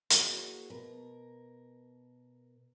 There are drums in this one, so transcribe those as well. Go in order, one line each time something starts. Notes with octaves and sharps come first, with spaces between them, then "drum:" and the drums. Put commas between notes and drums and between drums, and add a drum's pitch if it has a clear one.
A#3 E4 F#4 G#4 C#5, drum: hi-hat
B2 A#4